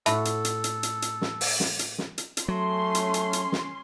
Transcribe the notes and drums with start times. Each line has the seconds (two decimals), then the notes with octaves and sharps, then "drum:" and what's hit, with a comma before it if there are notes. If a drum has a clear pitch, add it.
0.06 A2 F#4 A4 E5 A5 B5, drum: hi-hat
0.25 drum: hi-hat
0.45 drum: hi-hat
0.64 drum: hi-hat
0.83 drum: hi-hat
1.02 drum: hi-hat
1.21 drum: snare
1.41 drum: open hi-hat
1.60 drum: snare
1.79 drum: hi-hat
1.98 drum: snare
2.18 drum: hi-hat
2.37 drum: hi-hat
2.48 F#3 A3 C#4 C6
2.95 drum: hi-hat
3.14 drum: hi-hat
3.33 drum: hi-hat
3.52 drum: snare